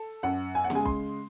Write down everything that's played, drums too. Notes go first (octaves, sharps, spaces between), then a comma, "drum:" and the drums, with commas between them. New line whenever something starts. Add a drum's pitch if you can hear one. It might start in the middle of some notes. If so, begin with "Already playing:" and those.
Already playing: A4
F#2 F#5
G#5
F#5
C#3, drum: snare B3
G#3 G#5
C6, drum: kick B1